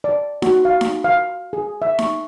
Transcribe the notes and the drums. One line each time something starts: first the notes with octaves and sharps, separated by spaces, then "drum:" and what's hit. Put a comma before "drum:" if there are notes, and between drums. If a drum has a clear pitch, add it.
D5
F#4, drum: snare D#4
F5
drum: snare D#4
F5
G#4
E5
C#6, drum: snare D#4